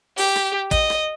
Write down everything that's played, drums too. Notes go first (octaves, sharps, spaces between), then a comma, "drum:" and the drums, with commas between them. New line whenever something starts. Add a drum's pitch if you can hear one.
G4, drum: open hi-hat
drum: rim click
D#5, drum: kick, hi-hat
drum: rim click